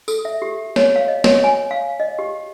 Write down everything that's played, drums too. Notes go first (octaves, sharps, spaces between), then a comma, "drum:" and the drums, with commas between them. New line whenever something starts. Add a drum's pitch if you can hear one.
A4, drum: tambourine
E5
G4
C#5, drum: snare
F5
D#5
C#5, drum: snare
G#5
F5
D#5
G4